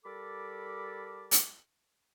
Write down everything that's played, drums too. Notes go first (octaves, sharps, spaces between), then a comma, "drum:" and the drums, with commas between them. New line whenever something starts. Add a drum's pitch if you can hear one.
G3 A4 A#4 A5 B5 D6
drum: hi-hat